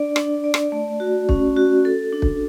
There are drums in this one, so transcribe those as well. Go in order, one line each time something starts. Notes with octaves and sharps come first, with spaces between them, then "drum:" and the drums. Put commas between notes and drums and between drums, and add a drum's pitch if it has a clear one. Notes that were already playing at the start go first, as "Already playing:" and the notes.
Already playing: D4 D5
D4, drum: rim click
D5
drum: rim click
A3
F#4
C#4, drum: kick
F#4
A4
D4
drum: kick